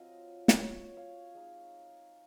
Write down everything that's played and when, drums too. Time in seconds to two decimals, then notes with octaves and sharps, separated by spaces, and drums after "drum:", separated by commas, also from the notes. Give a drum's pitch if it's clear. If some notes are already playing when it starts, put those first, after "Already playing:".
Already playing: F#3 C4 F4 D#5
0.48 drum: snare
0.60 C#5
0.97 F5
1.35 G#3 D#4